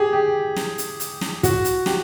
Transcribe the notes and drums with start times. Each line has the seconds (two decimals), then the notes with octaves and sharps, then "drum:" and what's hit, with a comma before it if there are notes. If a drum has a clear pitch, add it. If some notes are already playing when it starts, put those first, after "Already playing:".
Already playing: G4 G#4
0.13 G4
0.56 drum: snare
0.78 drum: hi-hat
1.00 drum: hi-hat
1.21 drum: snare
1.43 F#4, drum: kick, hi-hat
1.65 drum: hi-hat
1.86 G4, drum: snare